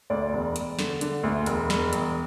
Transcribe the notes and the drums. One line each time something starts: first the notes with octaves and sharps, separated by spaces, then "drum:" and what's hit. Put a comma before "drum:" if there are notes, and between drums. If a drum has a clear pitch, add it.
D2 D5
E1
E1, drum: hi-hat
D3, drum: snare
D3, drum: hi-hat
D2
E1, drum: hi-hat
E1, drum: snare
E1, drum: hi-hat